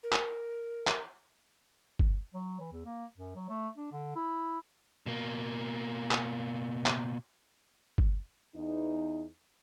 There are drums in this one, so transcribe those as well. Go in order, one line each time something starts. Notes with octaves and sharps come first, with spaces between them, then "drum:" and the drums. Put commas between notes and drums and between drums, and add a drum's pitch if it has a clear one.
A#4
drum: clap
drum: clap
drum: kick G1
F#3
E3
E2
A#3
F#2
F#3
A3
D4
D3
E4
B2 A#3
drum: clap
drum: clap
drum: kick G1
E2 D#4